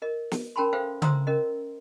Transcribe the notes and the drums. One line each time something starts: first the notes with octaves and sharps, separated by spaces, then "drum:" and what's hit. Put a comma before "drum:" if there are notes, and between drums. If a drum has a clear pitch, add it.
A#4 D#5
drum: snare
C#4 A#4 G5 A5 B5 C6
A4 B4 C5 E5 F5 G5
C5 E5 A#5 C6 D#6 E6, drum: tom C#3
C#4 A#4 D#5